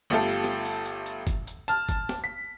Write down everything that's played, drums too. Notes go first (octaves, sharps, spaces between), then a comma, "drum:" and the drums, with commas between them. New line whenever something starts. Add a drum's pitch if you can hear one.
G1 A3 F4 G4 A4
drum: snare
drum: open hi-hat
drum: hi-hat
drum: hi-hat
drum: kick F#1, hi-hat
drum: hi-hat
A5 F6, drum: hi-hat
drum: kick F#1, hi-hat
drum: snare
B6